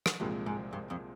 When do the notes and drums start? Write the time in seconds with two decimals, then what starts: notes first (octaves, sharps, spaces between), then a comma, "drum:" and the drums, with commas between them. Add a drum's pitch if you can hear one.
0.06 drum: rim click
0.20 C2 G2 A#2 F3 G#3 C4
0.46 G#2
0.73 G2
0.90 F2